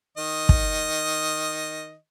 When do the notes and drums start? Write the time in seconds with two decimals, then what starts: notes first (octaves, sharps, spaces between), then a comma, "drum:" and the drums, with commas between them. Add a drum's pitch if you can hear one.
0.17 D#3 D#5
0.49 drum: kick